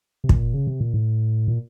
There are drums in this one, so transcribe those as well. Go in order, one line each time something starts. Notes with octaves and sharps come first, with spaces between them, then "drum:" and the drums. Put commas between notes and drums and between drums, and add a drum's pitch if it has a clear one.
C3
A#2, drum: kick
C#3
C3
A#2
A2
A#2